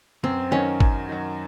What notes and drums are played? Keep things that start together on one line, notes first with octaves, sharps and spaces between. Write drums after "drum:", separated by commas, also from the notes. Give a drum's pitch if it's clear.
F#2 C4
D#3 F#3 C#4
F#2, drum: kick
D#3 F#3